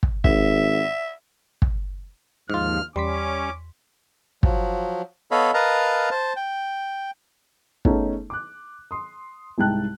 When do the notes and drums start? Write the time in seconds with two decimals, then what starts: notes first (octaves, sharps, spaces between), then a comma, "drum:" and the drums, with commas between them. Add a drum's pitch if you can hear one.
0.03 drum: kick
0.24 G#1 E5, drum: kick
1.62 drum: kick
2.50 D#2 G#2 F3 F4 F6
2.96 E2 G3 C#4 C6 D6 B6
4.43 F3 F#3, drum: kick
5.31 B3 A4 C#5 D#5 F5 B5
5.54 A#4 B4 D#5 F5 A5 A#5
6.11 C5 A5
6.36 G5
7.85 A3 B3 C#4 D#4 G#4 A4, drum: kick
8.30 D6 F#6
8.91 C6 D#6
9.58 C2 G#2 G#3 G5 A5 F#6